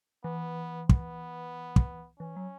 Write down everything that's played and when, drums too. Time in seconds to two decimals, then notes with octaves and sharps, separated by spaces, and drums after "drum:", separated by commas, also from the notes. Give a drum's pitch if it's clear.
0.24 E3 B3
0.89 B3, drum: kick
1.76 drum: kick
2.20 E3 C#4
2.36 F#3